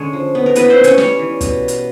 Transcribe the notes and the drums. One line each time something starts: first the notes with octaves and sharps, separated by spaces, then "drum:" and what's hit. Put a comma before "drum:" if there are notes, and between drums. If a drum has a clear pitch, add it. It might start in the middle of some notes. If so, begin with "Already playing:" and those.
Already playing: D3 G#3 C#4 C#5
F3
B3
A#4
E3 B3 B4, drum: hi-hat
C4 C5
B3
C#4 C#5, drum: hi-hat
G3 C#4 C#5, drum: snare
E3
B2, drum: kick, hi-hat
drum: hi-hat